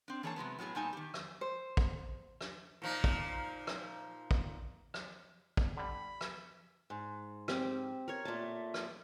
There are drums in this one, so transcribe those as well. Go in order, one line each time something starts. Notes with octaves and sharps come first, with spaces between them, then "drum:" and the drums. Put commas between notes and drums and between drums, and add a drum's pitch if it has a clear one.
C4 D4
E3 A#3 G#4 C#5 D5 A5
C3 F#3 G#3 B3
A2 F#3 B3 G#4
A#2 G3 B3 D#4 G#5 A5
D#3 G4
drum: rim click
C5
drum: kick
drum: rim click
A#2 F3 D#4
drum: kick
drum: rim click
drum: kick
drum: rim click
drum: kick
D3 G3 B5
drum: rim click
G#2
C4 G4, drum: rim click
A#4 C#5
A#2 A3 A5
drum: rim click